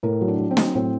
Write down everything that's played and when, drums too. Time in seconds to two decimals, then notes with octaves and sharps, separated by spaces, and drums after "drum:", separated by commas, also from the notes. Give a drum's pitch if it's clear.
0.03 A2 A#4
0.21 F#3
0.28 D4
0.39 F#3
0.51 C4
0.57 F#3, drum: snare
0.75 A2 C4